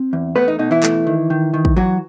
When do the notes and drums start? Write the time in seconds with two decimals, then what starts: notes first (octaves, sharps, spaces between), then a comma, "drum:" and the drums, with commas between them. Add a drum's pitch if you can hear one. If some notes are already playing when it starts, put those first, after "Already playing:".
Already playing: C4
0.13 E2
0.36 A3 B3 B4
0.48 D#4
0.59 B2 D#4
0.71 E3 E4
0.83 A3, drum: clap
1.07 D#3
1.30 D#3
1.54 D#3
1.65 drum: kick
1.76 E3 F#3 F#4